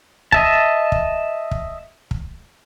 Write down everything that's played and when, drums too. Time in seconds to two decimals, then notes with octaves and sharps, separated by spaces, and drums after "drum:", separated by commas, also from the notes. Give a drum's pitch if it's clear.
0.32 D#5 E5 A5, drum: kick
0.92 drum: kick
1.51 drum: kick
2.11 drum: kick